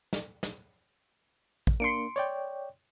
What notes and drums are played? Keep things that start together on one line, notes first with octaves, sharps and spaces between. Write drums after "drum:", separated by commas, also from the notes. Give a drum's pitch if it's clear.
drum: snare
drum: snare
drum: kick
A#3 D4 C6 C#7 D7
C#5 D5 G5, drum: hi-hat